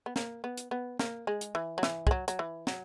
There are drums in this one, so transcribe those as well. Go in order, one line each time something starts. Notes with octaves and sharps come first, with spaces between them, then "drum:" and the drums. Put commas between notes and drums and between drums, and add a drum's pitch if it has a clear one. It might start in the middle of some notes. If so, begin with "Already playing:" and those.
B3
A#3, drum: snare
B3
drum: hi-hat
B3
A#3, drum: snare
G#3
drum: hi-hat
E3
F#3
E3, drum: snare
G#3, drum: kick
F#3
F#3, drum: hi-hat
E3
F#3, drum: snare